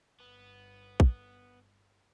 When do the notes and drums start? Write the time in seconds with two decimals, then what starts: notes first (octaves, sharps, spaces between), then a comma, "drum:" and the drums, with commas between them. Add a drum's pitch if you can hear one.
0.20 G1 B3
1.00 drum: kick